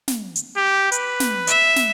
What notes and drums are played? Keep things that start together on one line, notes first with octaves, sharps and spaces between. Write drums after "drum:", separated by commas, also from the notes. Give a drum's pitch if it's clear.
drum: snare
drum: hi-hat
G4
B4, drum: hi-hat
drum: snare
E5, drum: hi-hat
drum: snare